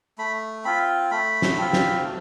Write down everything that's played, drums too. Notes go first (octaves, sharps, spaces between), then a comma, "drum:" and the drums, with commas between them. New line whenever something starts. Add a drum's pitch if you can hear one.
A3 B5
C4 F4 B5
A3 B5
drum: snare
C4 F4
drum: snare
A3